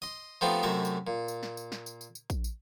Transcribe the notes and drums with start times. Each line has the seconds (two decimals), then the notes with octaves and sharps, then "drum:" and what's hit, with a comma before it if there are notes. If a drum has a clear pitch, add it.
0.02 D#5 C6
0.41 F3 A3 B3 C4 D#4 G4
0.63 F#2 C3 A3 E5 A#5
0.85 drum: tambourine
1.07 A#2
1.28 drum: tambourine
1.43 drum: snare
1.57 drum: tambourine
1.72 drum: snare
1.86 drum: tambourine
2.01 drum: tambourine
2.15 drum: tambourine
2.30 drum: kick, tambourine
2.44 drum: tambourine